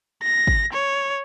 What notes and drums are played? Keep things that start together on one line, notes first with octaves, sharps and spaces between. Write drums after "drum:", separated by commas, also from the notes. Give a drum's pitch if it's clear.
A#6
drum: kick
C#5